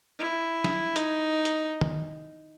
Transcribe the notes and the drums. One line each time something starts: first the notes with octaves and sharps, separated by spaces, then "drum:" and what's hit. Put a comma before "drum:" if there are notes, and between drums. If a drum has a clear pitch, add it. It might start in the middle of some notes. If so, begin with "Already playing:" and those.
E4
drum: snare
D#4, drum: hi-hat
drum: hi-hat
drum: tom